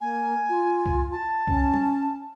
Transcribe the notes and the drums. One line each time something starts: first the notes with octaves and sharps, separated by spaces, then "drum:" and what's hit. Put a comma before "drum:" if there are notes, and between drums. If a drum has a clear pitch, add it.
A#3 G#5
F4
drum: kick C2
A5
C#4, drum: kick C2
drum: tom